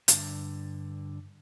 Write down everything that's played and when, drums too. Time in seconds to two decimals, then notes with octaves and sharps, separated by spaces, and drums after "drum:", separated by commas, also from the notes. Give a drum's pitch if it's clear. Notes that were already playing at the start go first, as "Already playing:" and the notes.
0.08 G2 D3, drum: hi-hat